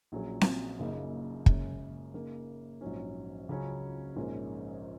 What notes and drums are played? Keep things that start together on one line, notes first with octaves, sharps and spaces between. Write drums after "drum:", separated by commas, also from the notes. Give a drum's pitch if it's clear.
A#1 A#2 F#3 C#4 G#4
drum: snare C4
F#1 F#2 C#3 A#3 D#4
F#1 F#2 C#3 G#3 C#4, drum: kick
C#3 A#3 D#4 A#4
A#1 G#2 F#3 C#4
C#2 C#3 F#3 C#4
A#1 G#2 G#3 C#4 A#4